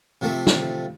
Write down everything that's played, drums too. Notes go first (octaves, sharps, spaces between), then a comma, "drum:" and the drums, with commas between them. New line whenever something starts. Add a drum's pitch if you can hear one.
C3 F3 A3
drum: snare